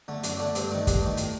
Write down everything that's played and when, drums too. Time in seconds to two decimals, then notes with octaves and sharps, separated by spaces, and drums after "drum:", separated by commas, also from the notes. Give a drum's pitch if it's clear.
0.08 D3 A3
0.23 F#2 D4, drum: hi-hat
0.39 D3 A3 D4
0.55 G2 C4, drum: hi-hat
0.71 D#3 A3 D4
0.87 G2, drum: kick, hi-hat
1.02 D#3 A3
1.17 A2, drum: hi-hat